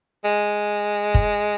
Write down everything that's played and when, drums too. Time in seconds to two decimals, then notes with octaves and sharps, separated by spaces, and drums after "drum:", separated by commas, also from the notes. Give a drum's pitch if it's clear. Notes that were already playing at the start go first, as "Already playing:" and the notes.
0.24 G#3
1.14 drum: kick